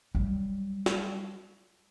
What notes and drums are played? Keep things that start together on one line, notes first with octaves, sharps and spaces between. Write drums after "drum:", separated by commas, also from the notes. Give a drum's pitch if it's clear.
F#3 G3
drum: snare